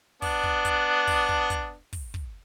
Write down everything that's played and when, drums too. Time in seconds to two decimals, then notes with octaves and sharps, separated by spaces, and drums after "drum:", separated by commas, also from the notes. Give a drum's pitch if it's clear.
0.22 B3 D4, drum: kick, open hi-hat
0.43 drum: kick
0.65 drum: kick, hi-hat
1.07 drum: kick, open hi-hat
1.29 drum: kick
1.50 drum: kick, hi-hat
1.93 drum: kick, open hi-hat
2.14 drum: kick